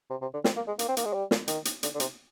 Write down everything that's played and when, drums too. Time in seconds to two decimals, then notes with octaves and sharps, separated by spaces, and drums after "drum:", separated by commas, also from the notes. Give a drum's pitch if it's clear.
0.10 C3
0.21 C3
0.33 D3
0.44 C4, drum: snare
0.56 A#3
0.67 G#3
0.79 A#3, drum: hi-hat
0.88 C4
0.97 A#3, drum: hi-hat
1.05 G#3
1.13 G3
1.31 drum: snare
1.48 D#3, drum: hi-hat
1.65 drum: hi-hat
1.83 D3, drum: hi-hat
1.95 D3
2.00 C3, drum: hi-hat